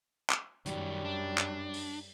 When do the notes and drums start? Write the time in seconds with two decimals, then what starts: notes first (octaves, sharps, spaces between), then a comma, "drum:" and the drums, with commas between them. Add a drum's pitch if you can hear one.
0.30 drum: clap
0.66 F#2 D#3 F#3 G3, drum: hi-hat
1.05 D4
1.38 drum: clap
1.74 drum: open hi-hat